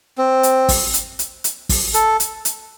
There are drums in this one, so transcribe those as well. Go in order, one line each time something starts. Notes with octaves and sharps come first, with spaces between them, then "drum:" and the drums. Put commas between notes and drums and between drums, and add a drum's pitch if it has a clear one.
C4
drum: hi-hat
drum: kick, open hi-hat
drum: hi-hat
drum: hi-hat
drum: hi-hat
drum: kick, open hi-hat
A4, drum: hi-hat
drum: hi-hat
drum: hi-hat